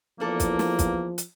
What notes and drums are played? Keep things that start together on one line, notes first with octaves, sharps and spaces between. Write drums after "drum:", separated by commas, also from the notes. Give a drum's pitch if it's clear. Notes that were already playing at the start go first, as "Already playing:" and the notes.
E2 F3 A#3 D4 A4
drum: kick, hi-hat
drum: snare
drum: kick, hi-hat
drum: hi-hat